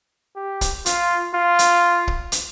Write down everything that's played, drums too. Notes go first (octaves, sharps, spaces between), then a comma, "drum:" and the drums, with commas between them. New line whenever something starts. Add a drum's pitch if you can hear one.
G4
drum: kick, hi-hat
F4, drum: hi-hat
F4
drum: hi-hat
drum: kick
drum: hi-hat